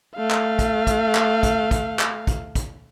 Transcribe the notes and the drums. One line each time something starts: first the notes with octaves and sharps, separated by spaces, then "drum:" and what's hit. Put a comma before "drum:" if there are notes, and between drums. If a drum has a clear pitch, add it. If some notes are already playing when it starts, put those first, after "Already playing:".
A3 F5
drum: clap
drum: kick, hi-hat
drum: kick, hi-hat
drum: clap
drum: kick, hi-hat
drum: kick, hi-hat
drum: clap
drum: kick, hi-hat
drum: kick, hi-hat